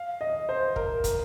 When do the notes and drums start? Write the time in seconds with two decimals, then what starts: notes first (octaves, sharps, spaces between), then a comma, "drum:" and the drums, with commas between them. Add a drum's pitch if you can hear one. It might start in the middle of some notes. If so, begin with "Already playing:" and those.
Already playing: F5
0.21 D#5
0.49 C5
0.76 A#4, drum: kick
1.04 drum: kick, hi-hat